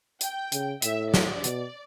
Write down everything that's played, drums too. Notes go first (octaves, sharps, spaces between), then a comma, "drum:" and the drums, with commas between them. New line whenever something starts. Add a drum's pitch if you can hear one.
G5, drum: hi-hat
C#3, drum: hi-hat
A2 E5, drum: hi-hat
D5, drum: snare
B2, drum: hi-hat